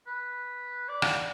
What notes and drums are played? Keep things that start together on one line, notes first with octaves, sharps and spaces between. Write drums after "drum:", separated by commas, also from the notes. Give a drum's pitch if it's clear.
B4
D5
drum: rim click